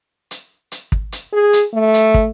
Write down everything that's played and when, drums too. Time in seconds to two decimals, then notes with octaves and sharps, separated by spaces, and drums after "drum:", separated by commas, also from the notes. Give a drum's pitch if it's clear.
0.31 drum: hi-hat
0.72 drum: hi-hat
0.92 drum: kick
1.12 drum: hi-hat
1.33 G#4
1.53 drum: hi-hat
1.74 A3
1.94 drum: hi-hat
2.14 drum: kick